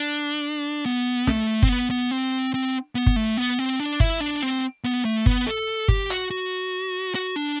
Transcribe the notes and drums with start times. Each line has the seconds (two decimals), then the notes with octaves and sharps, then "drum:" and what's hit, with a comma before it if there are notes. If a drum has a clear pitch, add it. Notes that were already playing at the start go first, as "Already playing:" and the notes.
Already playing: D4
0.85 B3
1.27 A3, drum: snare
1.62 C4, drum: kick G1
1.69 B3
1.90 B3
2.11 C4
2.54 C4
2.95 B3
3.06 drum: kick G1
3.16 A3
3.37 B3
3.59 C4
3.79 D4
4.00 E4, drum: kick G1
4.20 D4
4.42 C4
4.84 B3
5.05 A3
5.26 B3, drum: kick G1
5.47 A4
5.88 G4, drum: kick G1
6.10 F#4, drum: hi-hat
6.30 F#4
7.15 F#4
7.36 D4